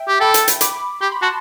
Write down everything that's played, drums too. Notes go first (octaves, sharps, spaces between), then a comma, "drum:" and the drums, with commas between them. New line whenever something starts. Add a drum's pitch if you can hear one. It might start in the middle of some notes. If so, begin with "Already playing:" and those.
Already playing: E5 G5
G4
A4 G5 B5
drum: hi-hat
drum: hi-hat
B5 D6, drum: hi-hat
G4 C6
B5
F#4 A5 C6